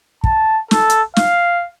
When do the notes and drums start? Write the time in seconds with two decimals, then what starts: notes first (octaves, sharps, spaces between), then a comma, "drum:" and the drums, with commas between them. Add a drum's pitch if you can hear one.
0.24 A5, drum: kick
0.71 A4, drum: snare
0.90 drum: hi-hat
1.16 F5, drum: snare